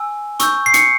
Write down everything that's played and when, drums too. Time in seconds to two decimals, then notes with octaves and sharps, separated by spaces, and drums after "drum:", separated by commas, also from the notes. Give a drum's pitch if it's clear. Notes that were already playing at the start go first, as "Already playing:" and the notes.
Already playing: G#5 E6
0.40 C#6 E6 G6, drum: hi-hat
0.66 C7
0.74 C#7, drum: hi-hat